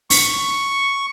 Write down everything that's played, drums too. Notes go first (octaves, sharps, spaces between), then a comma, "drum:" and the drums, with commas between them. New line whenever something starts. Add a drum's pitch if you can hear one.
C#6, drum: open hi-hat